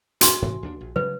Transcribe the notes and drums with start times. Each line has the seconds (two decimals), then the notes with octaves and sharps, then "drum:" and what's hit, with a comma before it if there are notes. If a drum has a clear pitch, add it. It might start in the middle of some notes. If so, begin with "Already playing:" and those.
0.21 F#4 G#5 C6, drum: hi-hat
0.42 G#2 C3 E3
0.63 D#2 D4
0.81 A#1
0.96 C#3 F#3 G#3 B4